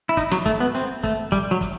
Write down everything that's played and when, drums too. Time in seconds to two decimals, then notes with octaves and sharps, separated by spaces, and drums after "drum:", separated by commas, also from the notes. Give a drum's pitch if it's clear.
0.09 E4
0.17 D#4, drum: kick, hi-hat
0.31 F#3, drum: snare
0.46 A3, drum: kick, hi-hat
0.60 B3
0.75 C4, drum: hi-hat
1.04 A3, drum: kick, hi-hat
1.32 G3, drum: kick, hi-hat
1.51 F#3
1.61 drum: kick, hi-hat